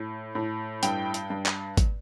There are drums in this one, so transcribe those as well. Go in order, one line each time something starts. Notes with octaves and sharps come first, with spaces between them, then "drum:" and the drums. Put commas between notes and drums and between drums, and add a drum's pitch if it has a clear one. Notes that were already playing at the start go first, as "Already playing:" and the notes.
Already playing: A2
A2
G2 G5, drum: hi-hat
drum: hi-hat
G2
drum: clap
drum: kick, hi-hat